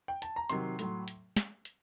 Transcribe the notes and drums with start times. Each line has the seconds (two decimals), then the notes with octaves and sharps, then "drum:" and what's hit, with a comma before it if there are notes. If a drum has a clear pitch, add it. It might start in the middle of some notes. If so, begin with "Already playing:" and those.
0.08 G5
0.22 A5, drum: hi-hat
0.36 A#5
0.49 C3 D#3 F#3 C6, drum: hi-hat
0.79 A2 F#3, drum: hi-hat
1.08 drum: hi-hat
1.36 drum: snare
1.65 drum: hi-hat